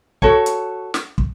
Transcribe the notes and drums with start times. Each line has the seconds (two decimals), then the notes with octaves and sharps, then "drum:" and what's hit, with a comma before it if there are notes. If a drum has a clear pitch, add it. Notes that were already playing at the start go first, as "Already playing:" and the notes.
0.22 F#4 A4 C#5, drum: kick
0.46 drum: hi-hat
0.94 drum: snare
1.18 drum: kick